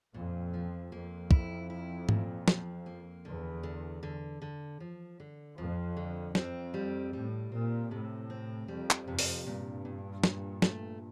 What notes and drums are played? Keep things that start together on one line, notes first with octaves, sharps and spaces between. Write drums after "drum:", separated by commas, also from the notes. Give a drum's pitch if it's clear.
F2 A#2
F3
F2 A#3
E4, drum: kick
E4
A#2, drum: tom G#2
F3, drum: snare
A#3
E2 D3
D3
D3
D3
F3
D3
F2 F3
D3
F2 C4, drum: snare
G3
A2 G3
A#2 C4
A2 C3
C4
F2 G3
drum: clap
F2 C3
drum: open hi-hat
G2 A#2
A#2
A#2, drum: snare
A3, drum: snare